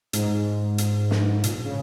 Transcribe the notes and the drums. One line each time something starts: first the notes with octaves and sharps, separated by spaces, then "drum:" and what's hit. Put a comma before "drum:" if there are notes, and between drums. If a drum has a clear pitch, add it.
G#2, drum: hi-hat
drum: hi-hat
drum: snare
A#2, drum: hi-hat
C#3